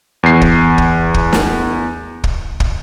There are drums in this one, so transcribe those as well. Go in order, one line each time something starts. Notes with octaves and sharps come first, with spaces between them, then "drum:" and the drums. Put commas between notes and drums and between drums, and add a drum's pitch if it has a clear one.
E2 C7
drum: kick
drum: kick
drum: kick
drum: snare
drum: kick
drum: kick